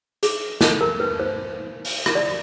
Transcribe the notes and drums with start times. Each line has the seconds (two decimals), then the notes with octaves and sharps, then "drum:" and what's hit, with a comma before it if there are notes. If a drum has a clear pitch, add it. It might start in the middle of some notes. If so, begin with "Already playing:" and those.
0.23 G#4, drum: hi-hat
0.61 A4, drum: snare
0.81 A#4
1.00 B4
1.20 C5
1.85 drum: open hi-hat
2.06 drum: rim click
2.15 D5